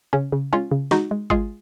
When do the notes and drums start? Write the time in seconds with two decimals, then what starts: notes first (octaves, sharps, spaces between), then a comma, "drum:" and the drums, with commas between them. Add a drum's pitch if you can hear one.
0.13 C#3 C#4
0.32 C#3
0.53 G#3 C#4 F4
0.71 C#3
0.91 G#3 D#4 F#4, drum: snare
1.11 G#3
1.30 G#3 F4 G#4, drum: kick G#1